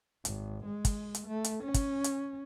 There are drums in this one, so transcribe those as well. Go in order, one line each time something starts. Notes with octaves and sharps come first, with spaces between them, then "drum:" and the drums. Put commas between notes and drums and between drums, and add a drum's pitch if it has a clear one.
G#1, drum: hi-hat
G#3
drum: kick, hi-hat
drum: hi-hat
A3
drum: hi-hat
C#4
drum: kick, hi-hat
drum: hi-hat